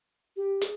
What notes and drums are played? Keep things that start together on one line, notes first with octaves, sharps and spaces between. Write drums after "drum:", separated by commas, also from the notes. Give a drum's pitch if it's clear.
G4
G#4, drum: hi-hat